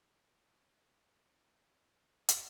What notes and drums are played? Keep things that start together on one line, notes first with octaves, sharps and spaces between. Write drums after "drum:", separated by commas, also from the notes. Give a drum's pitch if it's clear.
D#3 F3 C4 C#4 G4 D5 E5
A2 E3 A#4 D6
drum: hi-hat